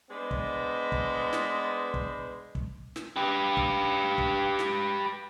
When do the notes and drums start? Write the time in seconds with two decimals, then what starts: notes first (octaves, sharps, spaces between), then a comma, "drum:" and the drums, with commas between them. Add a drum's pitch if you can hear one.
0.10 G#3 B3 D4 B4 C5 D#5
0.31 drum: kick
0.92 drum: kick
1.33 drum: snare
1.94 drum: kick
2.55 drum: kick
2.96 drum: snare
3.16 G4 B4
3.57 drum: kick
4.18 drum: kick
4.59 drum: snare